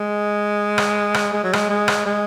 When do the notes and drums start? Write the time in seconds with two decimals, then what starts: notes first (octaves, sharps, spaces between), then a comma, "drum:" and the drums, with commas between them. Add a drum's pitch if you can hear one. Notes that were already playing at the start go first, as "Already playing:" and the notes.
Already playing: G#3
0.78 drum: rim click
1.14 drum: rim click
1.33 G#3
1.44 F#3
1.53 G#3, drum: rim click
1.70 G#3
1.88 drum: rim click
2.06 G#3